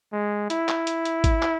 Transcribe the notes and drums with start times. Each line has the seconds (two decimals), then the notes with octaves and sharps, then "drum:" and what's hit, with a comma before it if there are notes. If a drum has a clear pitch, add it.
0.12 G#3
0.50 E4, drum: hi-hat
0.69 drum: clap
0.87 drum: hi-hat
1.05 drum: hi-hat
1.24 drum: kick G#1, hi-hat
1.42 drum: clap